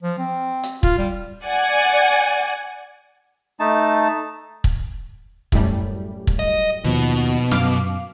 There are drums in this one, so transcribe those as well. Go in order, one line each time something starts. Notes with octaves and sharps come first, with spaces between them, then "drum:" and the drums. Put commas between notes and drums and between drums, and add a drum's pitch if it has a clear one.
F3
C4
drum: hi-hat
F4, drum: kick
G3
D5 F#5 G#5
A3 D#4 A5
drum: kick
F#2 A2 G3, drum: kick
drum: kick
D#5
D#2 B2 F3
F#2 F5 D6, drum: snare